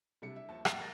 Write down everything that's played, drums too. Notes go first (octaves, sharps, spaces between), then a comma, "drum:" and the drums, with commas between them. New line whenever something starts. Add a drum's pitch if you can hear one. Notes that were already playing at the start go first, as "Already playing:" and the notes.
C3 G3 D4 E4 C#7
E5
D#2 F3 A5
F2 A#2 A6, drum: rim click
A#4 A6 A#6